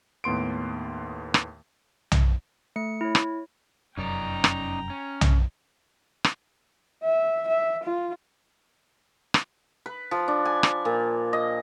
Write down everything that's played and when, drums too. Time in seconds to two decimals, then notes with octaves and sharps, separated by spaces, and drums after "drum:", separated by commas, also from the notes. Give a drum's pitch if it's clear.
0.24 D#2 A2 B3 C6 D7
1.34 drum: rim click
2.12 drum: tom B1
2.76 A3 C#7
3.01 E4 C#5
3.15 drum: rim click
3.98 F1 F#2 C#4 D#4 D5 G5 A#5
4.44 drum: rim click
4.90 C#4
5.21 drum: tom B1
6.24 drum: rim click
7.04 E5
7.47 E5
7.84 F4
9.34 drum: rim click
9.86 B4
10.11 F3
10.28 D4
10.45 G#5
10.63 drum: rim click
10.85 A#2
11.33 D#5